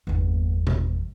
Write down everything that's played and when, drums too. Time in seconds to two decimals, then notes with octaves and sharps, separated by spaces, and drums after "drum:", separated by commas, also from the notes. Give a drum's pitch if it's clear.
0.07 G1 E2
0.67 drum: tom B2